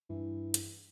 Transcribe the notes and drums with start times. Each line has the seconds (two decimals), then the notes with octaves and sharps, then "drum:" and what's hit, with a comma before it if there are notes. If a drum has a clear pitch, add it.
0.10 G2 E3
0.54 drum: hi-hat